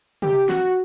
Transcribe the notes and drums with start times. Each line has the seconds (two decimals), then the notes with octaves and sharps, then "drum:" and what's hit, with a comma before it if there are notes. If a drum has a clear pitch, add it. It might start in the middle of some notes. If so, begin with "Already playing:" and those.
0.22 G4, drum: tom C3
0.49 F#4, drum: snare